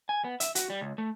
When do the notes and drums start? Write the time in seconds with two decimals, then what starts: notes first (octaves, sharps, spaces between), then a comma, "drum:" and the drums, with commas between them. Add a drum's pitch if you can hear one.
0.09 G#5
0.24 B3
0.40 E5, drum: hi-hat
0.55 F#4, drum: hi-hat
0.70 G3
0.81 C#2
0.98 A3